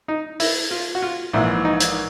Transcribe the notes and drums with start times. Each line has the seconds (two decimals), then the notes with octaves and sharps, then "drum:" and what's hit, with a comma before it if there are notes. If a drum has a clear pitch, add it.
0.08 D#4
0.40 E4, drum: open hi-hat
0.71 F4
0.95 F#4
1.02 F4
1.33 A#1 G#2 E3 E4
1.65 D#4
1.80 drum: hi-hat